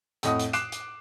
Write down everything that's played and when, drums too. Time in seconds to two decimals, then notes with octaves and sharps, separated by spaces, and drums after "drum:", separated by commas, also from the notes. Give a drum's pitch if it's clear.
0.23 F2 A2 D#5 F#5 D#6, drum: hi-hat
0.39 drum: hi-hat
0.53 D6 F#6 C7 D7 E7, drum: hi-hat
0.72 drum: hi-hat